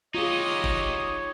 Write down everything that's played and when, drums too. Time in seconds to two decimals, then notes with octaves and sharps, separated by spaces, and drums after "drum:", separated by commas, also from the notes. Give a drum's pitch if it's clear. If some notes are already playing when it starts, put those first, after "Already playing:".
0.15 D#4 F4 G4 G#4 C#5 D#5 D#6
0.64 drum: kick